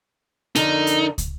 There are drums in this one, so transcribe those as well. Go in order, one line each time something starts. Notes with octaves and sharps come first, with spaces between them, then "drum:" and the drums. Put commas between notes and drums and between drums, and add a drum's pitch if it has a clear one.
F2 D3 D#4 A#4, drum: hi-hat
drum: hi-hat
drum: kick, hi-hat